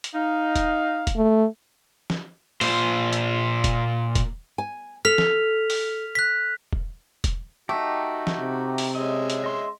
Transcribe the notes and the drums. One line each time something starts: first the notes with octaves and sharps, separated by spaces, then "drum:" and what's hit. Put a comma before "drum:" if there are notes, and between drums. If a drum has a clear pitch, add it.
drum: hi-hat
D#4 F5
drum: kick E1, hi-hat
drum: kick E1, hi-hat
A3
drum: snare
A#2 C5, drum: open hi-hat
drum: hi-hat
drum: kick E1, hi-hat
drum: kick E1, hi-hat
G#5
A4 F6 B6 F7
drum: snare
drum: open hi-hat
F#6 B6
drum: kick E1
drum: kick E1, hi-hat
A3 D#4 F#4 G4
drum: snare
C3
drum: open hi-hat
G#3 C#4 D#5 E5
drum: hi-hat
D#5 C6